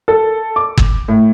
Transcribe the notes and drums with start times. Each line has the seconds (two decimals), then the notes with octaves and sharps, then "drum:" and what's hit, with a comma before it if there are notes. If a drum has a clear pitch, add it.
0.08 A4
0.56 D6
0.78 drum: kick
1.08 A2